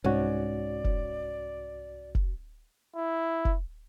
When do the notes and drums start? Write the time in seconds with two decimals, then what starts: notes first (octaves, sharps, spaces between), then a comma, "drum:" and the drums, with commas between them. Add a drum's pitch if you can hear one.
0.04 C2 G#2 C#4 F#4 D5
0.84 drum: kick
2.15 drum: kick
2.96 E4
3.45 drum: kick